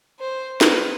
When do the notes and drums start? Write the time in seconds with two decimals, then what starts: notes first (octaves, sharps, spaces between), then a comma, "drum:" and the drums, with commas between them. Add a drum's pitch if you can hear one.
0.19 C5
0.61 B4, drum: snare